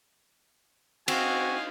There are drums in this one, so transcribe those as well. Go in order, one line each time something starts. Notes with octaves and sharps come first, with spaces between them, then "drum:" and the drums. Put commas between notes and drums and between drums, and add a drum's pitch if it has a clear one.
C4 F#4 D#5 F5 G#5, drum: cymbal